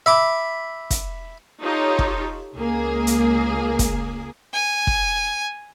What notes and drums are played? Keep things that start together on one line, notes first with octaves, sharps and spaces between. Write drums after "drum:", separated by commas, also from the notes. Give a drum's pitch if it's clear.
E5 B5 D6
drum: kick, hi-hat
D#4 F4 G4 A4 C#5
drum: kick
C#2 A#3 G#4
drum: hi-hat
drum: kick, hi-hat
G#5
drum: kick